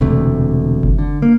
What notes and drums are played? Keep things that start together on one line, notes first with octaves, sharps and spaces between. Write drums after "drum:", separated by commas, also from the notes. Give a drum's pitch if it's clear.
E1 D2 C3 A3
drum: kick F#1
D3
A#3